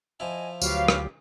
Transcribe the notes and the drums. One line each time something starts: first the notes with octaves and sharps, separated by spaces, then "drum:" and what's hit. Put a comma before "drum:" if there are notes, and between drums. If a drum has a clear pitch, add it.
F3 E4 D#5 G#5
D2 F#3 F4 G4 B4 C#5 F5, drum: tambourine
drum: rim click